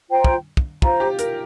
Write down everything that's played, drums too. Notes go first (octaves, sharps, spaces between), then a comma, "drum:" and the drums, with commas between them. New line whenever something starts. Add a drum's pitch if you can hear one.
F4 C5 G5 A#5
drum: kick
drum: kick
F4 C5 A#5, drum: kick
G4
A#4, drum: hi-hat